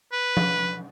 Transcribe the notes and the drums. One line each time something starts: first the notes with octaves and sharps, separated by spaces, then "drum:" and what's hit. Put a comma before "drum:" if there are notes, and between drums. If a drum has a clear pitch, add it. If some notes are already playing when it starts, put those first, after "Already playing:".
B4
drum: tom F3